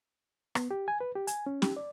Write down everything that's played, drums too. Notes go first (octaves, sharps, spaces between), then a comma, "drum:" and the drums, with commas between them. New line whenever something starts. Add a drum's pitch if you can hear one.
B3, drum: rim click
G4
G#5
B4
G4
G#5, drum: hi-hat
C#4
G4, drum: snare C#4
D5